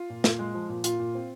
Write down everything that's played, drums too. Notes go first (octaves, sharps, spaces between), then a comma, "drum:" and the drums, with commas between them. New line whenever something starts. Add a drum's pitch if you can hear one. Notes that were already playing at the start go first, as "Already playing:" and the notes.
Already playing: F4
A#2
A#2, drum: snare
G#3
F3
A#2
A#2 F4, drum: hi-hat
A#2
C4